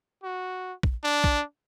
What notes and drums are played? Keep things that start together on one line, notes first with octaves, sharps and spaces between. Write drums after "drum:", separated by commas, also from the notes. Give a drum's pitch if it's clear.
F#4
drum: kick
D4
drum: kick